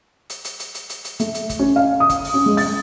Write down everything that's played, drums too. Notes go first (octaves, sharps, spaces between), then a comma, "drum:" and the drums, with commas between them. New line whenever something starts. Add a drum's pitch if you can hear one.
drum: hi-hat
drum: hi-hat
drum: hi-hat
drum: hi-hat
drum: hi-hat
drum: hi-hat
A3, drum: hi-hat
drum: hi-hat
drum: kick, hi-hat
C#4
F5
D#6
drum: kick, hi-hat
drum: open hi-hat
C#4
G#3
A6, drum: open hi-hat